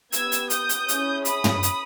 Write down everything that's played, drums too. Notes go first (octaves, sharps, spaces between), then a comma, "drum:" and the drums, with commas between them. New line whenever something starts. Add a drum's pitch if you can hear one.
B3 G4 E6 G#6, drum: hi-hat
drum: hi-hat
D#6 G6, drum: hi-hat
drum: hi-hat
C#4 E4 G#4, drum: hi-hat
B5 D#6, drum: hi-hat
drum: tom
drum: hi-hat